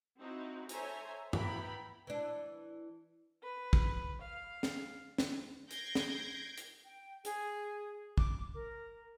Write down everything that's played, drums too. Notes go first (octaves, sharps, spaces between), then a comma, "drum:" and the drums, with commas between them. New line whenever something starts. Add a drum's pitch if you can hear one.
C4 D#4 E4 F#4
A4 C5 C#5 E5 G#5 A#5, drum: hi-hat
B3 E4 B4 G5 A#5 B5, drum: tom G2
E3 D4
B4
drum: kick
F5
drum: snare
drum: snare
G6 G#6 A#6 C7 D7, drum: hi-hat
drum: snare
drum: hi-hat
G5
G#4, drum: hi-hat
D6, drum: kick
A#4